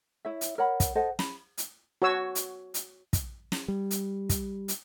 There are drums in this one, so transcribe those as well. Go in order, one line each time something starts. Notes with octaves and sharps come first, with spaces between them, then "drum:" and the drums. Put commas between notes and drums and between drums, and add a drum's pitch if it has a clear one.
E4 C#5 E5
drum: hi-hat
A#4 C#5 F#5 B5
drum: kick, hi-hat
A4 C5 D#5 F#5
B5, drum: snare
drum: hi-hat
F#4 C#5 E6
drum: hi-hat
drum: hi-hat
drum: kick, hi-hat
drum: snare
G3
drum: hi-hat
drum: kick, hi-hat
drum: hi-hat